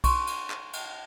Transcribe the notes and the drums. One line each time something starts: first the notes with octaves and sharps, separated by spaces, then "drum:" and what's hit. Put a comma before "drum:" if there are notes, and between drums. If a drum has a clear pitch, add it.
C6 C#6, drum: kick B1, cymbal
drum: cymbal
drum: clap
drum: cymbal